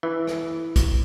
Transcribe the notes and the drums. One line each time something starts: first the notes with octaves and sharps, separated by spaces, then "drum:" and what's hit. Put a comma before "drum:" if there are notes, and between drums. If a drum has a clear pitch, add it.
E3
drum: rim click
drum: kick, hi-hat